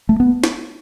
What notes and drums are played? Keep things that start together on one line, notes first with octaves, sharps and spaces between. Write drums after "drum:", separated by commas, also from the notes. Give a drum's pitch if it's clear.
A3
B3
drum: snare